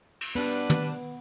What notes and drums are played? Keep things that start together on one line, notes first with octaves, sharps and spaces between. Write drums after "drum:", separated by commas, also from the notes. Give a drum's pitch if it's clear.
drum: cymbal
G3 B3 D4 B4, drum: open hi-hat
drum: tom